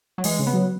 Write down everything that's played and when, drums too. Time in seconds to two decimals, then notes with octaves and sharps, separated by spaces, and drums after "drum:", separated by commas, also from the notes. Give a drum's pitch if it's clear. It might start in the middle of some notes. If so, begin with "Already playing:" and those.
0.18 F#3
0.24 E3 G#3, drum: open hi-hat
0.39 C#3
0.47 B3
0.53 F#3